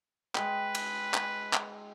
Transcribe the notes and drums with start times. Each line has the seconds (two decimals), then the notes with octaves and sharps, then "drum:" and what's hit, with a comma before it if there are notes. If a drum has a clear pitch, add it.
0.35 G#3 B4 G5, drum: clap
0.75 drum: cymbal
1.14 drum: clap
1.53 drum: clap